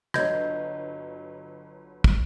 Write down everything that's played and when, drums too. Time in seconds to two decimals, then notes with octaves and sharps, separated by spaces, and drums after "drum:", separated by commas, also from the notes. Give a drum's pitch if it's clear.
0.14 G1 F#3 D#5 G6 G#6, drum: rim click
2.04 drum: kick